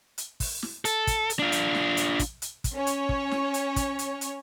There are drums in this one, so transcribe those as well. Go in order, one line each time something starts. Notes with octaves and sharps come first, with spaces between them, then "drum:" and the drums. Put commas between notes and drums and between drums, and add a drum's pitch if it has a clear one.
drum: hi-hat
drum: kick, open hi-hat
drum: snare
A4, drum: hi-hat
drum: kick, hi-hat
drum: hi-hat
D4 F4
drum: hi-hat
drum: snare
drum: hi-hat
drum: kick, hi-hat
drum: hi-hat
drum: kick, hi-hat
C#4 C#5
drum: hi-hat
drum: kick
drum: snare
drum: hi-hat
drum: kick, hi-hat
drum: hi-hat
drum: hi-hat